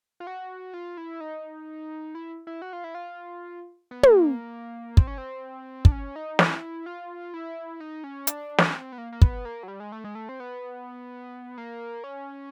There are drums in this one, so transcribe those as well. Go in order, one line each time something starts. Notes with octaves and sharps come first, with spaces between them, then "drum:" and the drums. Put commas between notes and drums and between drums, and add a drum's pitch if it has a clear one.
F4
F#4
F4
E4
D#4
E4
E4
F#4
F4
E4
F4
B3
A#3, drum: tom
C4, drum: kick
C#4
C4
D4, drum: kick
C#4
D#4
E4, drum: snare
F4
E4
D#4
C#4
D4, drum: hi-hat
drum: snare
C4
B3
A#3
A#3
B3, drum: kick
A#3
F#3
G3
G#3
A3
G#3
A3
C4
B3
A#3
C#4